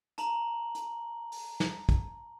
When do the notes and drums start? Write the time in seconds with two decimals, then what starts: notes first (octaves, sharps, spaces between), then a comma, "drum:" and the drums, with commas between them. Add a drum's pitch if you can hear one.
0.18 A5 A#5 F#7, drum: hi-hat
0.75 drum: hi-hat
1.32 drum: open hi-hat
1.60 drum: snare
1.89 drum: kick, hi-hat